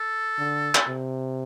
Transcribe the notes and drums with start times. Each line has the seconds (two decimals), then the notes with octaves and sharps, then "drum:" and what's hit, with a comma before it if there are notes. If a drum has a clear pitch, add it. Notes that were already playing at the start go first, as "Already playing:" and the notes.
Already playing: A4
0.38 D3
0.75 drum: clap
0.88 C3